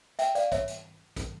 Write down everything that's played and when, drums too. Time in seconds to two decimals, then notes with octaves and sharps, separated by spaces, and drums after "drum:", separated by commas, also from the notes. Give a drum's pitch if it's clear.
0.19 E5 G5, drum: hi-hat
0.35 D5 F5, drum: hi-hat
0.52 C#5 E5, drum: kick, hi-hat
0.68 drum: hi-hat
1.16 drum: kick, hi-hat